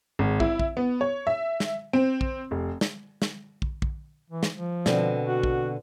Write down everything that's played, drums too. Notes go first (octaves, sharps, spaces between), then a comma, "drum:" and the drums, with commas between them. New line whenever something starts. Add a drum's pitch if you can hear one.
G#1
E4, drum: kick
drum: kick
B3
C#5
E5
drum: snare
C4
drum: kick
F1
drum: snare
drum: snare
drum: kick
drum: kick
E3
drum: snare
F3
B2 D3 C4, drum: snare
F#4
drum: kick